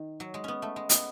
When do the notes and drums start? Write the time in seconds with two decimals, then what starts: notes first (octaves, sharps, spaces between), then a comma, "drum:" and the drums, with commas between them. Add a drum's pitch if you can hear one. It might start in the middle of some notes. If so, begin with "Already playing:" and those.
Already playing: D#3
0.20 F#3
0.34 G#3
0.44 B3 C#4
0.62 A3
0.76 G#3
0.89 B3, drum: hi-hat